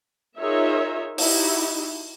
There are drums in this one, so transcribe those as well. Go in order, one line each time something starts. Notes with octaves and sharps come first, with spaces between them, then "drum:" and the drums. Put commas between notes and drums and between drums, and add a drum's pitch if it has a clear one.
D#4 F4 G#4 A#4 C#5 E5
D#4 E4 F#4 G4, drum: open hi-hat